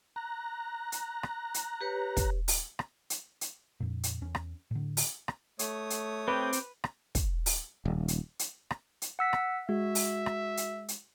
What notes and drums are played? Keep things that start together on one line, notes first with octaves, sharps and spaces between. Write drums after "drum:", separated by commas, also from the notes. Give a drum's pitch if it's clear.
A#5 F#6 A#6
drum: hi-hat
drum: rim click
drum: hi-hat
G4 B4 C#5
drum: kick, hi-hat
drum: open hi-hat
drum: rim click
drum: hi-hat
drum: hi-hat
F2 A#2
drum: hi-hat
E2 C#4
drum: rim click
A2 D3
drum: open hi-hat
drum: rim click
A3 C#5 D#6, drum: hi-hat
drum: hi-hat
C4 G4 B4
drum: hi-hat
drum: rim click
drum: kick, hi-hat
drum: open hi-hat
D#1
drum: hi-hat
drum: hi-hat
drum: rim click
drum: hi-hat
F#5 E6 B6
drum: rim click
G#3 F#4 E5
drum: open hi-hat
drum: rim click
drum: hi-hat
drum: hi-hat